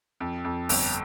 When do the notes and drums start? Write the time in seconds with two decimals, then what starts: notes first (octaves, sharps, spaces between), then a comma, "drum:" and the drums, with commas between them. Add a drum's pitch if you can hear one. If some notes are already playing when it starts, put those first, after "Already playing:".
0.20 F2
0.45 F2
0.69 G1, drum: open hi-hat